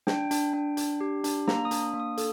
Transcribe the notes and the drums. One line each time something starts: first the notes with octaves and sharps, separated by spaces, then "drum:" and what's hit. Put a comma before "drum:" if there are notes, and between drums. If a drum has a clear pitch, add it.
D4 G5, drum: snare
D4, drum: hi-hat
D4
D4, drum: hi-hat
G4
D4, drum: hi-hat
A#3 A#5, drum: snare
D#6
D4, drum: hi-hat
D#6
A#3
D#6
A4, drum: hi-hat